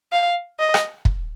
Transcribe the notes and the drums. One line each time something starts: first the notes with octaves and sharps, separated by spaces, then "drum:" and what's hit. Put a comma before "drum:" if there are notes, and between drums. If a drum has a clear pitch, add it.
F5
D#5
drum: rim click
drum: kick